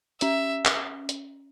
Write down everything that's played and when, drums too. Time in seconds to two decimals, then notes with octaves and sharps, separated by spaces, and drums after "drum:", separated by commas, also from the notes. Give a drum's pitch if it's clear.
0.21 C#4 E5, drum: hi-hat
0.65 drum: clap
1.09 drum: hi-hat